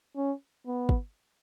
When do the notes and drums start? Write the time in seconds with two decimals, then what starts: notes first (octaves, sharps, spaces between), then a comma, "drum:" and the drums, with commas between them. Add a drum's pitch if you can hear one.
0.17 C#4
0.66 B3
0.89 drum: kick